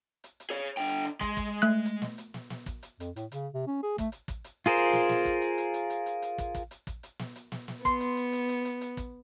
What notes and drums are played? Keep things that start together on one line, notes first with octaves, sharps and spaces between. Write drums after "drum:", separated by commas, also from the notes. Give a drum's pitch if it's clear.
drum: hi-hat
drum: hi-hat
G#4 C#5
D3 G5
drum: hi-hat
drum: hi-hat
G#3 C6, drum: kick, hi-hat
drum: kick, hi-hat
A3 F#6
drum: hi-hat
drum: snare
drum: hi-hat
drum: snare
drum: snare
drum: kick, hi-hat
drum: hi-hat
F2, drum: hi-hat
A2, drum: hi-hat
C#3, drum: hi-hat
C3
C#4
G#4
A3, drum: kick, hi-hat
drum: hi-hat
drum: kick, hi-hat
drum: hi-hat
F4 G#4 A#4 C5
drum: hi-hat
drum: snare
drum: snare
drum: kick, hi-hat
drum: hi-hat
drum: hi-hat
drum: hi-hat
drum: hi-hat
drum: hi-hat
drum: hi-hat
drum: kick, hi-hat
drum: kick, hi-hat
drum: hi-hat
drum: kick, hi-hat
drum: hi-hat
drum: snare
drum: hi-hat
drum: snare
drum: snare
B3 C6, drum: kick, hi-hat
drum: hi-hat
drum: hi-hat
drum: hi-hat
drum: hi-hat
drum: hi-hat
drum: hi-hat
drum: kick, hi-hat